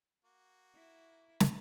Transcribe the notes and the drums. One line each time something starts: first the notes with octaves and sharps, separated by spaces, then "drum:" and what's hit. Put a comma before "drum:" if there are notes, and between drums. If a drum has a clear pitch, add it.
A#3 F#4
E4
drum: snare